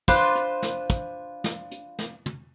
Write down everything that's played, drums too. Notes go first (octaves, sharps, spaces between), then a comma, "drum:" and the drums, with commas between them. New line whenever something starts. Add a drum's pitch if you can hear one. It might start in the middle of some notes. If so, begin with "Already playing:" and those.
D4 F4 B4 C5, drum: kick, hi-hat
drum: hi-hat
drum: snare
drum: kick, hi-hat
drum: snare
drum: hi-hat
drum: snare
drum: tom